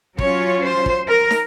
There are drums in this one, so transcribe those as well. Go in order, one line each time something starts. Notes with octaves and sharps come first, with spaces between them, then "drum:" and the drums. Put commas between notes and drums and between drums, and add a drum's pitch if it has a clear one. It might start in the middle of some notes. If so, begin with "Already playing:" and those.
F#3 C#4 F4 C#5, drum: kick
C5
drum: kick
A#4
drum: snare